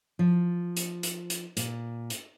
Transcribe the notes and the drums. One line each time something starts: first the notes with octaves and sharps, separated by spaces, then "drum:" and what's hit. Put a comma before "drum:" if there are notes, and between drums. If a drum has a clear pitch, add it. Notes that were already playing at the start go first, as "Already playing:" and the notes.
F3
drum: hi-hat
drum: hi-hat
drum: hi-hat
A#2, drum: hi-hat
drum: hi-hat